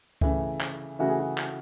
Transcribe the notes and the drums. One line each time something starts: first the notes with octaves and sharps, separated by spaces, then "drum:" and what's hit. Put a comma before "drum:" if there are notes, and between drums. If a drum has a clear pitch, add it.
C#3 E3 A3, drum: kick C#2
drum: clap
C#3 E3 A3 F#4
G#4
F#4
drum: clap